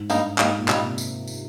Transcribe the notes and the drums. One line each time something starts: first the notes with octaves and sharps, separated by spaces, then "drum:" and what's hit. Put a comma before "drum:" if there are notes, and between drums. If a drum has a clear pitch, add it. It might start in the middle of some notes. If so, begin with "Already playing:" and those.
Already playing: G#2
G2 G3 A#3 D#4, drum: tambourine
G#2 G3 A#3 D#4, drum: clap
A#2
C3 G3 A#3 D#4, drum: clap
drum: tambourine
drum: tambourine